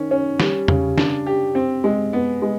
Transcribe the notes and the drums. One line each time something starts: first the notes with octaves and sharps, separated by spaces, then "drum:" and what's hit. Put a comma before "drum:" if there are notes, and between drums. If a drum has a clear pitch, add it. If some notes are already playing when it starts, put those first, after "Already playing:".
Already playing: D#3 C#4
C#4
G3, drum: snare
C#3, drum: tom E2
D4, drum: snare
G4
C4
G#3
B3
G#3